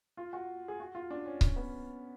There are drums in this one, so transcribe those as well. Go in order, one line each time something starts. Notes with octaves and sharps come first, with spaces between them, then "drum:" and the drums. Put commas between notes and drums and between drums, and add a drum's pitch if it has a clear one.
F4
F#4
G#4
F#4
F4
D4
C#4
C#4, drum: kick C#1
B3